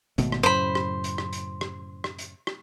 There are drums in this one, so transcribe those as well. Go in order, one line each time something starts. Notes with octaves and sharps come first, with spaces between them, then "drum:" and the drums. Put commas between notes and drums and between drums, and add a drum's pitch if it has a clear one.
G#1 B2 A3, drum: hi-hat
drum: rim click
F#2 A2 C#3 C5 B5
drum: rim click
drum: hi-hat
drum: rim click
drum: hi-hat
drum: rim click
drum: rim click
drum: hi-hat
drum: rim click